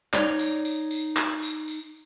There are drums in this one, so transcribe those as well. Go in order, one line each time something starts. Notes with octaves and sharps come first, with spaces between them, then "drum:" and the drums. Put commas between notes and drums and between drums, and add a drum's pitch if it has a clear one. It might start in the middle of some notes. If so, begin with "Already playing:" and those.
D#4 C#5 D5, drum: clap
drum: tambourine
drum: tambourine
drum: tambourine
drum: clap
drum: tambourine
drum: tambourine